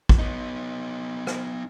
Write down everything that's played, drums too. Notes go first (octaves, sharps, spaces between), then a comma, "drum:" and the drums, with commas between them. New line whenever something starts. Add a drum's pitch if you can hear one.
drum: kick
B3 D#4
drum: rim click